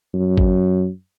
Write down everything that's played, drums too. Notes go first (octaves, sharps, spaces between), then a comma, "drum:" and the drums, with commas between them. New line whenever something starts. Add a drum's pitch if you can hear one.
F#2
drum: kick